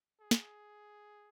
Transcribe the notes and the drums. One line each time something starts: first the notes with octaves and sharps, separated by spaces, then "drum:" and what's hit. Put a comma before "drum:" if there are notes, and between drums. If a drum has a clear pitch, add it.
G#4
drum: snare